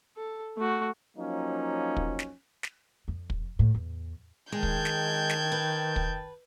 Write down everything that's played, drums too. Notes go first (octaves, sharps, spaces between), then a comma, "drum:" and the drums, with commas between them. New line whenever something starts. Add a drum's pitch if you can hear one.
A4
A3 F#4
F3 F#3 A#3 C#4 D#4
drum: kick
drum: snare
drum: snare
F2
drum: kick
A2
E2
D#3 G#3 G5 A5 G6 G#6
drum: kick
drum: snare
drum: snare
B4
drum: kick